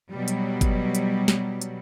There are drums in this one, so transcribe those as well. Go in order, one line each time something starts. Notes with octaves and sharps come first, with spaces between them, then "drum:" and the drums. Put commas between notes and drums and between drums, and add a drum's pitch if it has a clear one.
B2 F#3 G3
drum: hi-hat
drum: kick, hi-hat
drum: hi-hat
drum: snare
drum: hi-hat